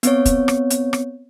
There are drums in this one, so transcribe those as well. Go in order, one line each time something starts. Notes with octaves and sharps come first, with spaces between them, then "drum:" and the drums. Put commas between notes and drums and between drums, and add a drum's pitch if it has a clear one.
B3 C4 C#5, drum: hi-hat
drum: kick, hi-hat
drum: rim click
drum: hi-hat
drum: rim click